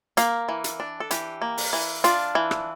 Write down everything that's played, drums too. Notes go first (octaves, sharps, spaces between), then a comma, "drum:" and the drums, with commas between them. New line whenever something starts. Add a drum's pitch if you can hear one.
A#3 F5, drum: hi-hat
E3
drum: hi-hat
D4
A4
E3 G4, drum: hi-hat
A#3
drum: open hi-hat
E3
D4 F4, drum: hi-hat
E3
drum: rim click